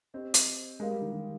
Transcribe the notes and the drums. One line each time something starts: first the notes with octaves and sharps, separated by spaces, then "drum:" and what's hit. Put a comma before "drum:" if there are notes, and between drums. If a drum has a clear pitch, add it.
C4 G4 C5 D#5
drum: hi-hat
G#3 G4 A#4 F5
G3
D#3
D#3